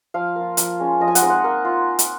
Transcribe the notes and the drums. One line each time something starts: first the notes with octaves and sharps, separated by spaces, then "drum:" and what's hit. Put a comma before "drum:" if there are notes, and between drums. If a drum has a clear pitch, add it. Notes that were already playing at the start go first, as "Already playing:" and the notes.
F3 F5
A#3
F4
F3, drum: hi-hat
G#3 C#4 F4
F3 D#5
G#5
F#5, drum: hi-hat
G#3 C4 D#4
F#5
A#3
F4
drum: hi-hat